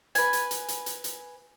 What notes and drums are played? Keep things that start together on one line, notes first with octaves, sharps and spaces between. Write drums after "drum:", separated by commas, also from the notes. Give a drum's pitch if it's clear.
B4 G#5, drum: hi-hat
drum: hi-hat
drum: hi-hat
drum: hi-hat
drum: hi-hat
drum: hi-hat